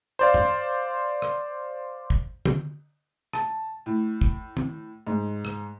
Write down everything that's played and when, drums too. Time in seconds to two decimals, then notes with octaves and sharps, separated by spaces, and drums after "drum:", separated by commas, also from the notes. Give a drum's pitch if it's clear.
0.19 C5 D5 F5
0.34 drum: tom F#2
1.22 drum: rim click
2.10 drum: kick
2.45 drum: tom D3
3.33 A5, drum: rim click
3.86 A2
4.21 drum: kick
4.57 drum: tom
5.07 G#2
5.45 drum: rim click